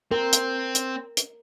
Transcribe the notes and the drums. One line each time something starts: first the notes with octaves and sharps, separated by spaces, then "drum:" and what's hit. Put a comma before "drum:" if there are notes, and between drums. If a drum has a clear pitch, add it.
C4 A#4
drum: hi-hat
drum: hi-hat
drum: hi-hat